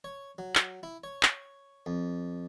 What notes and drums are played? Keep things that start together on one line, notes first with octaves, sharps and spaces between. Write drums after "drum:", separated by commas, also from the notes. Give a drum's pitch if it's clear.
C#5
F#3
drum: clap
E4
C#5
drum: clap
F2